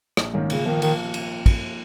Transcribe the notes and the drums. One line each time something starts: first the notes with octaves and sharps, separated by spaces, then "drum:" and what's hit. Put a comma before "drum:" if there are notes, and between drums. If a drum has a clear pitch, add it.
A#1, drum: rim click
G#2 D#3 A#3 C#4
A#2 C#3, drum: cymbal
D#3 F3 A#3
D#3, drum: cymbal
drum: cymbal
drum: kick, cymbal